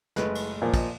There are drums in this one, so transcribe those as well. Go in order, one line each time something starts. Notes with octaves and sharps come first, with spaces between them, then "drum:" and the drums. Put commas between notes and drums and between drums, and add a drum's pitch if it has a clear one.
F#1 G#3 A3 B4, drum: snare
drum: cymbal
A#2 F3
D#5, drum: kick, cymbal